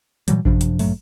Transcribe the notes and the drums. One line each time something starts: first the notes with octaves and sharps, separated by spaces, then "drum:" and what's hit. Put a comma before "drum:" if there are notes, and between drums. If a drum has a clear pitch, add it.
A#2 E3 F#3 G3, drum: hi-hat
F#2 C3 F3 D4, drum: kick A1
drum: hi-hat
A#1 G2 F#3 A3, drum: open hi-hat